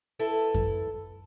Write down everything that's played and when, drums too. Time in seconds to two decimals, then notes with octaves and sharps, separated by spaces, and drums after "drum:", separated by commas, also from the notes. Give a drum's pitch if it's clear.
0.19 E4 A4 B4
0.54 drum: kick F#2